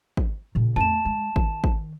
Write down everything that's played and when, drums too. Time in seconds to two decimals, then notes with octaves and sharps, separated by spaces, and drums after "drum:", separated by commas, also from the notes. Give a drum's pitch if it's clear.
0.17 drum: kick
0.55 A#2 C#3
0.76 A3 A5 E7, drum: tom E2
1.05 G#3
1.36 D#3, drum: kick
1.64 drum: kick